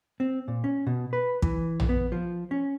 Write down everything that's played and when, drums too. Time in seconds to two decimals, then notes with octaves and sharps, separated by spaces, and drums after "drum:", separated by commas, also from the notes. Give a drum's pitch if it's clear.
0.20 C4
0.48 A#2
0.64 C#4
0.87 B2
1.13 B4
1.42 E3, drum: kick
1.80 drum: tom A#1
1.89 B3
2.12 F3
2.51 C#4